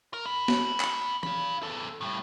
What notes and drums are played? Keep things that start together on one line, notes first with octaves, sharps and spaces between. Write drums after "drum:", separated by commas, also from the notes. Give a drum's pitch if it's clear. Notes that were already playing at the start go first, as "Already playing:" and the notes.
A#4
D#5 B5
drum: snare A#3
drum: clap
F5 B5, drum: tom
E2 A4
A2 G3